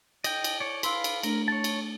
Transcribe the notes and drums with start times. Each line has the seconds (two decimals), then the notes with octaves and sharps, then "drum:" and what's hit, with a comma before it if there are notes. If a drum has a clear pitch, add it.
0.24 D#5 G5, drum: cymbal
0.44 drum: cymbal
0.60 C#5 D5
0.83 B4 F5 C6 E6, drum: cymbal
1.04 drum: cymbal
1.23 A3 D4 A#4, drum: cymbal
1.48 C#5 A5
1.64 drum: cymbal